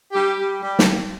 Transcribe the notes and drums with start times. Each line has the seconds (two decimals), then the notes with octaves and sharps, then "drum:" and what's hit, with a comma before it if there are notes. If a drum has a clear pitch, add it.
0.12 G3 G4
0.37 G3
0.61 G3
0.79 drum: snare